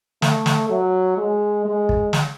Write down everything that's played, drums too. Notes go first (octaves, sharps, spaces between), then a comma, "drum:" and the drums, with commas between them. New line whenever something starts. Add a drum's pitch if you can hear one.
A3, drum: snare
drum: snare
F#3
G#3
G#3
drum: kick
drum: snare